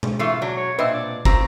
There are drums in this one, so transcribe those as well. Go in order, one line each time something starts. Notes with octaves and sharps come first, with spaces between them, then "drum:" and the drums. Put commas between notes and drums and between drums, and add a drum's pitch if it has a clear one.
drum: tom B2
E3 A3 F4
F#3 D4
C#5
A#2 C4 D4 B4 D#5 E5
D5
A#1 C#3 C4 A#5, drum: kick